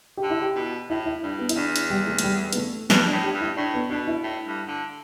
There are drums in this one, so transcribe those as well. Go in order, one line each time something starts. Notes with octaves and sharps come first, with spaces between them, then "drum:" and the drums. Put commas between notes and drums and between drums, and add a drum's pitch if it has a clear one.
G4
D3
E4
G4
B2
A2 E4
E4
G2 D4
B3
E4, drum: hi-hat
E2 D4
drum: hi-hat
G3
A3
A3, drum: hi-hat
G3
B3, drum: hi-hat
A3
G2 B3, drum: snare
D4
A2
G4
G2
E4
A2 D4
B3
B2 D4
E4
A2
G2
D3